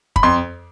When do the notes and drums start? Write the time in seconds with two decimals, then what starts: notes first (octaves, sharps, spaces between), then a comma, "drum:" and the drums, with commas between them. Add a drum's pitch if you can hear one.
0.16 B5, drum: kick
0.23 F2 C6